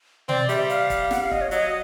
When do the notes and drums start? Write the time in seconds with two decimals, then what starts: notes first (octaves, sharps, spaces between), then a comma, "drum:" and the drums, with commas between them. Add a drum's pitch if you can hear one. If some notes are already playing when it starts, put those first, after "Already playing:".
0.29 C4 D5, drum: tom B2
0.49 G3 E5, drum: hi-hat
0.70 F5, drum: hi-hat
0.90 drum: kick, hi-hat
1.11 F#5, drum: snare
1.20 F5
1.31 D#5, drum: kick
1.41 C#5
1.51 F#3 D#5, drum: hi-hat